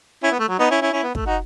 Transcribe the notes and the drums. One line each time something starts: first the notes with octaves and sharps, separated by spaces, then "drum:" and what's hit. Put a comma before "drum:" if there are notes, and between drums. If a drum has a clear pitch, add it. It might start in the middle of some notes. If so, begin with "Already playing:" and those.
C#4 E4
B3
A3
F#3
B3 D#4
C#4 E4
C#4 E4
C#4 E4
B3
A3, drum: kick
D#4 F#4